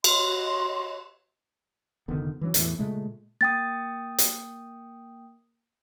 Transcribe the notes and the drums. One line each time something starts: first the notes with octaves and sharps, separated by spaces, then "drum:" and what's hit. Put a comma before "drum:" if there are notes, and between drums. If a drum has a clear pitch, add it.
F#4 C#5 D#5 C6, drum: cymbal
F1 D3 D#3 B3
E3 F#3 C#4
E2 A2 E3, drum: hi-hat
A#2 C#3 G#3 A3
A#3 G5 D#6 A6
drum: hi-hat